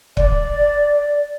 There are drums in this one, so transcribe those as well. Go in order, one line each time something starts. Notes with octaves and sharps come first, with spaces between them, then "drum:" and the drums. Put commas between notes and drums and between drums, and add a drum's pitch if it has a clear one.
D5, drum: kick